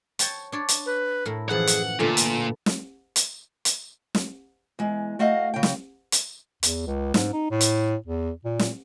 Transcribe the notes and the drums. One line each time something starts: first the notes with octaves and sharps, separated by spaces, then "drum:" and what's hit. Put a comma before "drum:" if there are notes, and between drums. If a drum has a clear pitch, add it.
C#5 G5 A5, drum: hi-hat
D4 C#5 D5
drum: hi-hat
B4
A2 E4 A#4
F#2 E3 F3 G#4 F#5
drum: hi-hat
A#2 D3 A3 B3 F4
drum: hi-hat
drum: snare
drum: hi-hat
drum: hi-hat
drum: snare
E2 G#3
A3 F#4 D#5 F5 F#5
C#3 G5
drum: snare
drum: hi-hat
E2, drum: hi-hat
C#2
G#2, drum: snare
D#4
A2
drum: hi-hat
E2
A#2
drum: snare